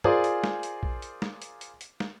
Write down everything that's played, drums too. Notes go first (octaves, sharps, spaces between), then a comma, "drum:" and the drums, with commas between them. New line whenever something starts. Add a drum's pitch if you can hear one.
F4 G#4 A#4 C5 D5 G#5, drum: tom
drum: hi-hat
drum: snare
drum: hi-hat
drum: kick A#1
drum: hi-hat
drum: snare
drum: hi-hat
drum: hi-hat
drum: hi-hat
drum: snare